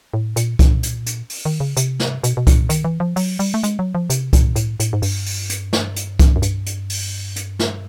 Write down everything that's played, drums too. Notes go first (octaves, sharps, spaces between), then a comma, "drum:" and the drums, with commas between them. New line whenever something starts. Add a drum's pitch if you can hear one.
A2
A#2, drum: hi-hat
A#2, drum: kick C2, hi-hat
drum: hi-hat
drum: hi-hat
drum: open hi-hat
D#3
C#3
C3, drum: hi-hat
drum: snare
B2, drum: hi-hat
B2
A#2, drum: kick C2, hi-hat
D#3, drum: hi-hat
E3
F3
F#3, drum: open hi-hat
G3, drum: open hi-hat
A3
G#3, drum: hi-hat
F#3
F3
C3, drum: hi-hat
A#2, drum: kick C2, hi-hat
A2, drum: hi-hat
A2, drum: hi-hat
G#2
G2, drum: open hi-hat
drum: open hi-hat
drum: hi-hat
drum: snare
drum: hi-hat
drum: kick C2, hi-hat
F#2
G2, drum: hi-hat
drum: hi-hat
drum: open hi-hat
drum: hi-hat
drum: snare